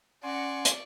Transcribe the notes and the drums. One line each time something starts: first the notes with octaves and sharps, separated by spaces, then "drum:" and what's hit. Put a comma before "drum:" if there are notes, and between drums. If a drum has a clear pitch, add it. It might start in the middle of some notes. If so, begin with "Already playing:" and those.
C#4 D5 F#5 G#5 C6 C#6
drum: hi-hat